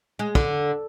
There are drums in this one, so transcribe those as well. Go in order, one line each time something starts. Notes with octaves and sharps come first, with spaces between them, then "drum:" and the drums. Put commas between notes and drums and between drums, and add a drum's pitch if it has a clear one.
G#3
D3, drum: kick